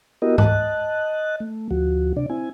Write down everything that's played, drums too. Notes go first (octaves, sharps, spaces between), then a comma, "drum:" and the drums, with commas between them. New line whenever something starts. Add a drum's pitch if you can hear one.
B3 E4 F#4 G4 A#4 D#5
D#5 A5 F#6, drum: tom G#2
A3
D2 F3 F#4
C3 D4 D5
C4 E4 G#5